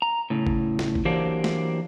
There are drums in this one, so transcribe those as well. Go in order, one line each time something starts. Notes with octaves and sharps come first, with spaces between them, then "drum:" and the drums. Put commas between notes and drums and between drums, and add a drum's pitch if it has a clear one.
A#5
A2 C#3
drum: kick G#1
drum: snare
drum: kick G#1
E3 F#3 A#3 D4 G4 C5
drum: snare